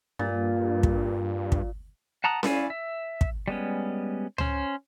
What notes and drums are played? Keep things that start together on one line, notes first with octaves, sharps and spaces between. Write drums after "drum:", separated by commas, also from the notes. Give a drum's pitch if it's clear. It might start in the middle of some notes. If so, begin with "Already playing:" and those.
G2 A#2
drum: kick
drum: kick
F#5 A5 A#5 D#6 F#6
C#4 E4 D5 F5 G#5, drum: snare C#4
E5
drum: kick
G3 G#3 B3 C#4
C#4 C5, drum: tom C#2